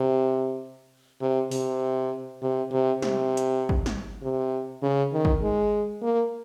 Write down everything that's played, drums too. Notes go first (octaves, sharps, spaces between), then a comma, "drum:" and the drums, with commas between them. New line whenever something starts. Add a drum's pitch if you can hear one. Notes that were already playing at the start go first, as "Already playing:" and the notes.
Already playing: C3
C3
C3, drum: open hi-hat
C3
C3
C3, drum: snare
drum: hi-hat
drum: kick
drum: snare
C3
C#3
D#3
drum: kick
G#3
A#3